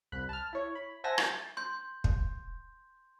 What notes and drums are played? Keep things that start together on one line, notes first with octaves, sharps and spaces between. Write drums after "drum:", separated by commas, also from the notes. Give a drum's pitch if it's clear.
C2 B5 F#6
A5 F6
E4 C#5
B5
C5 E5 F#5 G#5 A5 A#6
G6 A6, drum: rim click
C6 G6
drum: kick